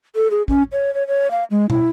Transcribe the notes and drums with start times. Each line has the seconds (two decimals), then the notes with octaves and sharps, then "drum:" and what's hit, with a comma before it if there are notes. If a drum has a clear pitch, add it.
0.15 A4
0.31 G#4
0.48 C#4, drum: kick A1
0.72 C#5
0.94 C#5
1.07 C#5
1.31 F5
1.51 G#3
1.70 E4, drum: tom